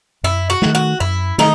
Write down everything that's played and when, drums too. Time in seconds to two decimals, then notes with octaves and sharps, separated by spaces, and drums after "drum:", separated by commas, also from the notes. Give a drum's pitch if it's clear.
0.23 F#2 E4
0.50 F#4
0.62 D#3 A3, drum: snare
0.75 F#4
1.00 F#2 E4
1.38 D#3 A3 D#4, drum: snare